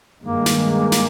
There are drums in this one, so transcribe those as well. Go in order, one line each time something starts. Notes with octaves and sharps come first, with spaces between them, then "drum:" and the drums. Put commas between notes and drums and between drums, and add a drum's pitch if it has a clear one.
G2 D#3 G#3 A#3
drum: snare
drum: snare